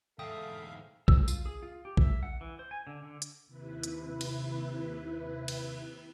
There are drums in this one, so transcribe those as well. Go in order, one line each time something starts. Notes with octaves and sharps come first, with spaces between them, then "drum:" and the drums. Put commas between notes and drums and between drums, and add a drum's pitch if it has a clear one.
E2 G#2 A4 E5 F5 G5 D#6
E6, drum: kick
F4, drum: tambourine
G#4
F4
G4
E5, drum: kick
F#5
E3
C5
G#5
D3
D3
drum: hi-hat
D#2 C3 E4 B4
drum: hi-hat
drum: cymbal
drum: cymbal